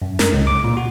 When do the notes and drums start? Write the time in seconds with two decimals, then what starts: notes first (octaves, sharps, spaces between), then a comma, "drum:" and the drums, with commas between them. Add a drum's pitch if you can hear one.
0.02 F#2
0.19 A#4, drum: snare
0.34 C#2
0.47 D6
0.64 A#2
0.77 F#4